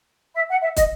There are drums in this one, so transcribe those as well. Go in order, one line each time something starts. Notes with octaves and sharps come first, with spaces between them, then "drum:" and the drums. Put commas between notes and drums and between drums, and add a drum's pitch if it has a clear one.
E5
F#5
E5
D#5, drum: kick, hi-hat